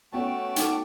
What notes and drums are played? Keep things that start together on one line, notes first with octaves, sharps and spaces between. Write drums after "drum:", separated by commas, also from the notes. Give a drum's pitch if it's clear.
A3 B3 C#4 F#4 C#5 G5 A5
D#4 A4 D6, drum: hi-hat